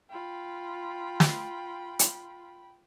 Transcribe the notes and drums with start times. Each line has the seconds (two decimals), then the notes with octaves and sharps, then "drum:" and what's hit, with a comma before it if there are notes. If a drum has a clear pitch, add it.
0.10 F4 G5 B5
1.20 drum: snare
1.99 drum: hi-hat